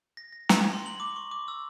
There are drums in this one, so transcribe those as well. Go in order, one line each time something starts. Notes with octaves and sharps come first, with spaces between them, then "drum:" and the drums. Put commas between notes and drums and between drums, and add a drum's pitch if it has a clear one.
A#6
A#6
A#5, drum: snare
C6
F#7
D6
C#6
D6
E6